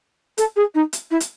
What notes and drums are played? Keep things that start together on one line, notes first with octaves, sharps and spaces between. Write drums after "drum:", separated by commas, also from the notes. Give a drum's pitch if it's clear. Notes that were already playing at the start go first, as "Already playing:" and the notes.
A4, drum: hi-hat
G#4
D#4
drum: hi-hat
E4
drum: hi-hat